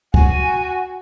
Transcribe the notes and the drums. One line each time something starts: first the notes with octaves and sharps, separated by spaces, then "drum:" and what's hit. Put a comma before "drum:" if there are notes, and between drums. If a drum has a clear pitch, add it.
F#4 G#5, drum: kick